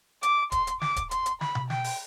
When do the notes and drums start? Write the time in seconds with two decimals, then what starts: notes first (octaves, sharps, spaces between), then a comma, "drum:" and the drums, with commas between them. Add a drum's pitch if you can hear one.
0.23 D6, drum: hi-hat
0.52 C6, drum: kick D1, hi-hat
0.67 drum: hi-hat
0.81 D6, drum: snare
0.96 drum: kick D1, hi-hat
1.11 C6, drum: hi-hat
1.26 drum: hi-hat
1.41 B5, drum: snare
1.55 drum: tom B2
1.70 G5, drum: snare
1.84 drum: open hi-hat